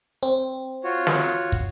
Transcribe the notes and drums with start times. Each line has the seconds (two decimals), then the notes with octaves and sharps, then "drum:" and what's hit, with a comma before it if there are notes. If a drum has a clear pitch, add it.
0.23 C4
0.84 F4 F#4 C#5
1.07 drum: snare
1.52 drum: kick